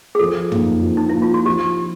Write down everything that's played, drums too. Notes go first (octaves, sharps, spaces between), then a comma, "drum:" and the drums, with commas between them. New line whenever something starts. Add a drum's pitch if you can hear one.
G#4
F3 A4
A#3 D#4, drum: tom
F3
D#4
E4
A#3 D#4
F4
F#4
F3 G4